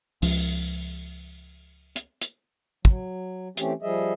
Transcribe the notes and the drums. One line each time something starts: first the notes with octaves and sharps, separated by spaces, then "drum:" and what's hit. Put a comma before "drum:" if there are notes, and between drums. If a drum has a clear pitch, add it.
C#2 F3, drum: open hi-hat
drum: hi-hat
drum: hi-hat
F#3, drum: kick
E3 A3 C4 C#4 G4, drum: hi-hat
F3 G3 G#4 D#5 E5